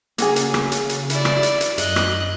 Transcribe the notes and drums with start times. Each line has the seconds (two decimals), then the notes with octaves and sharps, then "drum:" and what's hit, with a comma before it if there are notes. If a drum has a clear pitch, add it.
0.18 C#3 A#3 F#4 G#4, drum: hi-hat
0.36 drum: hi-hat
0.54 drum: rim click
0.72 drum: hi-hat
0.89 drum: hi-hat
1.10 E4 D5, drum: hi-hat
1.25 drum: rim click
1.43 drum: hi-hat
1.61 drum: hi-hat
1.78 F#2 D#5 F#6, drum: hi-hat
1.96 drum: rim click